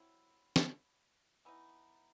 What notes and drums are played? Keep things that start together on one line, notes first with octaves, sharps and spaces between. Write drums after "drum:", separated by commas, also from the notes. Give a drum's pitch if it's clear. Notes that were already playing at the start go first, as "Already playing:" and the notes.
Already playing: F#3 C4 E4
drum: snare
E3 B3 D#4